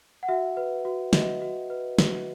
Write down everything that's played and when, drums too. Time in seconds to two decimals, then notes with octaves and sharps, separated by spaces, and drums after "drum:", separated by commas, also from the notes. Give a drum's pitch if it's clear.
0.23 F#5
0.28 F#4 E5
0.57 B4
0.85 F#4
1.13 F#4 D#5, drum: snare
1.42 F#4
1.70 B4
1.99 F#4, drum: snare